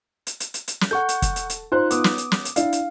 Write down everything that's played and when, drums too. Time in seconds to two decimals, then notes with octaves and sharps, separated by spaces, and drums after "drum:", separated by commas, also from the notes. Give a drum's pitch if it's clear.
0.27 drum: hi-hat
0.40 drum: hi-hat
0.54 drum: hi-hat
0.68 drum: hi-hat
0.81 drum: snare
0.91 A4 F#5 C#6 G6
1.09 drum: hi-hat
1.22 drum: kick, hi-hat
1.36 drum: hi-hat
1.50 drum: hi-hat
1.72 D#4 F4 C5 F#6
1.91 B3 D6 D#6, drum: hi-hat
2.04 drum: snare
2.18 drum: hi-hat
2.32 drum: snare
2.45 drum: hi-hat
2.56 D4 E4 F5, drum: hi-hat
2.73 drum: hi-hat